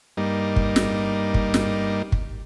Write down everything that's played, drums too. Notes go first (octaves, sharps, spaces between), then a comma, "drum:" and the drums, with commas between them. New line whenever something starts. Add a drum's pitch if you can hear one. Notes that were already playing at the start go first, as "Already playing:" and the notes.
G2 G3 A#3 D#4
drum: kick
drum: snare
drum: kick
drum: snare
drum: kick